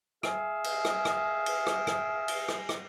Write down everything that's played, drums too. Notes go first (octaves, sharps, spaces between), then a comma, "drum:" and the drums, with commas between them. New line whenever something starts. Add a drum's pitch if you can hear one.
G#4 E5 F5 G#5, drum: rim click
drum: cymbal
drum: rim click
drum: rim click
drum: cymbal
drum: rim click
drum: rim click
drum: cymbal
drum: rim click
drum: rim click